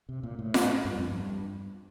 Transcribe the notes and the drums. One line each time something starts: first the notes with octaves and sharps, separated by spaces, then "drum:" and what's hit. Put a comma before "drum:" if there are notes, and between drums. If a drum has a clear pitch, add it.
C3
A#2
A2
drum: snare F4
G2
F2
G2